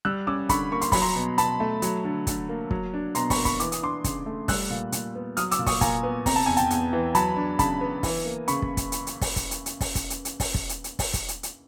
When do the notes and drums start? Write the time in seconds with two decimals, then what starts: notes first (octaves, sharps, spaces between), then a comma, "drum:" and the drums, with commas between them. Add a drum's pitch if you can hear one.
0.05 G3 E6 F#6
0.27 C#4 D6 E6
0.49 D3 B5 C#6, drum: kick, hi-hat
0.72 A#3 C#6
0.81 C6, drum: hi-hat
0.92 F#3 B5, drum: kick, open hi-hat
1.02 A#5 C6
1.16 B2
1.38 B2 A5 B5, drum: hi-hat
1.60 A3
1.82 F#3, drum: hi-hat
2.04 D3
2.27 D3, drum: kick, hi-hat
2.49 A#3
2.71 F#3, drum: kick
2.93 D4
3.15 B2 A#5 C6, drum: hi-hat
3.30 B5 C#6, drum: kick, open hi-hat
3.37 A#3
3.45 B5 C#6, drum: kick, hi-hat
3.60 E3 D6, drum: hi-hat
3.72 D#6, drum: hi-hat
3.82 D4 C6 D6
4.04 C#3, drum: kick, hi-hat
4.26 A3
4.48 G3 E6 F#6, drum: kick, open hi-hat
4.70 A#2
4.92 A#2, drum: hi-hat
5.15 B3
5.37 F#3 D#6 F6, drum: hi-hat
5.51 D6 E6, drum: hi-hat
5.59 A#2
5.66 C#6 D#6, drum: kick, open hi-hat
5.81 A#2 G#5 A#5, drum: kick, hi-hat
6.03 B3
6.26 C3 A#5, drum: kick, open hi-hat
6.36 A5
6.46 E2 G#5
6.57 G5 A5, drum: hi-hat
6.70 E2, drum: hi-hat
6.93 E3
7.15 F#3 A5 B5, drum: hi-hat
7.36 D4
7.59 C#3 A5 B5, drum: kick, hi-hat
7.81 B3
8.03 E3, drum: kick, open hi-hat
8.25 A#3
8.48 C#3 B5 C#6, drum: hi-hat
8.62 drum: kick
8.77 drum: kick, hi-hat
8.92 drum: hi-hat
9.07 drum: hi-hat
9.21 drum: kick, open hi-hat
9.36 drum: kick, hi-hat
9.51 drum: hi-hat
9.66 drum: hi-hat
9.81 drum: kick, open hi-hat
9.95 drum: kick, hi-hat
10.10 drum: hi-hat
10.25 drum: hi-hat
10.40 drum: kick, open hi-hat
10.54 drum: kick
10.69 drum: hi-hat
10.84 drum: hi-hat
10.99 drum: kick, open hi-hat
11.14 drum: kick, hi-hat
11.28 drum: hi-hat
11.43 drum: hi-hat